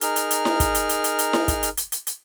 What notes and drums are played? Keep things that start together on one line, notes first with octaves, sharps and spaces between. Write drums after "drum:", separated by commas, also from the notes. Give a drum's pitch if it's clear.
D#4 G#4 A#4 F6, drum: hi-hat
drum: hi-hat
drum: hi-hat
drum: snare E4
drum: kick, hi-hat
drum: hi-hat
drum: hi-hat
drum: hi-hat
drum: hi-hat
drum: snare E4
drum: kick, hi-hat
drum: hi-hat
drum: hi-hat
drum: hi-hat
drum: hi-hat